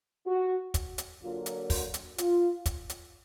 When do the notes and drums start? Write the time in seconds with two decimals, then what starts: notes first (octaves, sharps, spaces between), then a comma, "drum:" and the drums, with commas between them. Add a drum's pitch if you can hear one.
0.26 F#4
0.74 drum: kick, hi-hat
0.98 drum: hi-hat
1.22 D3 F#3 A#3 F4
1.46 drum: hi-hat
1.70 F#4, drum: kick, open hi-hat
1.94 drum: hi-hat
2.18 F4, drum: hi-hat
2.66 drum: kick, hi-hat
2.90 drum: hi-hat